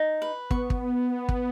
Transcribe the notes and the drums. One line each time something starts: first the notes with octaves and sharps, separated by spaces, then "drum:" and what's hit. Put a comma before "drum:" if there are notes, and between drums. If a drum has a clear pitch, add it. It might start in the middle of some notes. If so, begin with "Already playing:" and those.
Already playing: D#4
B4
B3 C#6, drum: kick
drum: kick
drum: kick